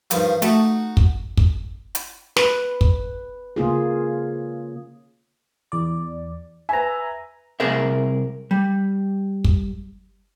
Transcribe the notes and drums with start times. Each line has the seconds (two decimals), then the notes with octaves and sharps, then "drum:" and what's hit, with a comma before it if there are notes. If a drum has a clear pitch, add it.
0.11 G2 D#3 F3, drum: hi-hat
0.42 A3 D#4 F#4, drum: hi-hat
0.97 drum: kick
1.37 drum: kick
1.95 drum: hi-hat
2.36 B4, drum: snare
2.81 drum: kick
3.56 C#3 A#3 F4 G#4
5.72 E2 D5
6.69 B4 E5 G#5 A#5
7.60 C2 G#4 A#4 E5
8.51 G3
9.44 drum: kick